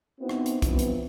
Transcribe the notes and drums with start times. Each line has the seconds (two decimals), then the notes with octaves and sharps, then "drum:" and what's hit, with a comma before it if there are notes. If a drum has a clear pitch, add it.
0.20 B3 C4 D#4 E4 F#4 C5
0.29 drum: rim click
0.46 drum: hi-hat
0.62 G2 E3 F3 B3 C4 E4, drum: kick B1, hi-hat
0.79 drum: hi-hat